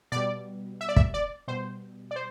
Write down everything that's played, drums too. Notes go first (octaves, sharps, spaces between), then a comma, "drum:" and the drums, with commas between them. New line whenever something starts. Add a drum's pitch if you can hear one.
B2 G3 D5
E5
D5
E5, drum: kick
D5
B2 G3 C5
D5
C5